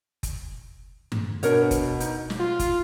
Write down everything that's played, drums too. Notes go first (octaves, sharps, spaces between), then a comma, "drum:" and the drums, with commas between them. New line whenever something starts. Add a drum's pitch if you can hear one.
drum: kick F#1, hi-hat
drum: tom G2
B2 D4 A#4 C#5, drum: hi-hat
drum: kick F#1, hi-hat
D#4, drum: hi-hat
drum: snare
F4
drum: kick F#1, hi-hat